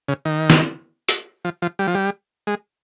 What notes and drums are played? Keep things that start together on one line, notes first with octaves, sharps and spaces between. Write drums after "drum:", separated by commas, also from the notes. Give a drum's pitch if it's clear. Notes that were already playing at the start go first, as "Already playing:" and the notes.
C#3
D#3
drum: snare
drum: hi-hat
F3
F3
G3
F3
G3
G#3